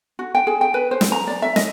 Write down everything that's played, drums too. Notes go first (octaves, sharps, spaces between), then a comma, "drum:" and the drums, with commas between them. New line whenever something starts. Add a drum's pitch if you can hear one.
F#4
G5
G#4
G5
B4
C5
drum: snare
A#5
D5
E5
D#5, drum: snare